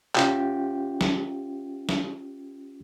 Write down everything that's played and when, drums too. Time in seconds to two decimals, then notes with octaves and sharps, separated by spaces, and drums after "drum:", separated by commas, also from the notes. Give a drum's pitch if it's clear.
0.15 C#4 F4 G4 G5, drum: clap
1.01 drum: snare
1.89 drum: snare